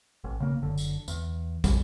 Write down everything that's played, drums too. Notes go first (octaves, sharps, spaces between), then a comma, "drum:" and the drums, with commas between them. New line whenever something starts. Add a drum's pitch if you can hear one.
A1
C#3 A#3
F#1 D3
drum: tambourine
E2, drum: tambourine
F2 G#2 G3, drum: kick, tambourine